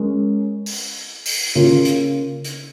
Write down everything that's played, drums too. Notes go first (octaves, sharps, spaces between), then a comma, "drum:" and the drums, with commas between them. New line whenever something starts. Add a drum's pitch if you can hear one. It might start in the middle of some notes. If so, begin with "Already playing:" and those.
Already playing: G#3 C#4 A#4 C#5
drum: open hi-hat
drum: open hi-hat
C#3 A#3 F4
drum: hi-hat
drum: hi-hat